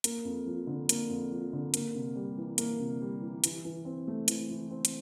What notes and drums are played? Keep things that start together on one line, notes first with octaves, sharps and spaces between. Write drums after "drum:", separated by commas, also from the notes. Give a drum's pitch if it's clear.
A#3, drum: hi-hat
F2
F3
D3
A#3, drum: hi-hat
F2
F3
D3
A#3, drum: hi-hat
C3
G3
E3
A#3, drum: hi-hat
C3
G3
E3
E3, drum: hi-hat
E3
C4
A3
E3, drum: hi-hat
E3
C4
drum: hi-hat